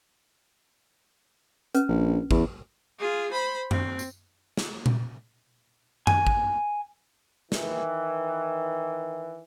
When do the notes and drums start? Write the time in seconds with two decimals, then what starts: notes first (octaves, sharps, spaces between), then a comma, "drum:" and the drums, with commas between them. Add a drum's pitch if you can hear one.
1.75 C#4 B4, drum: hi-hat
1.88 A#1
2.31 E2, drum: kick G#1
2.99 F4 G#4
3.31 C5 B5
3.71 C4, drum: tom F#2
3.99 drum: tambourine
4.57 drum: snare
4.86 drum: tom A#2
6.07 G#5, drum: tom F#2
6.27 drum: kick G#1
7.52 D#3 E3, drum: snare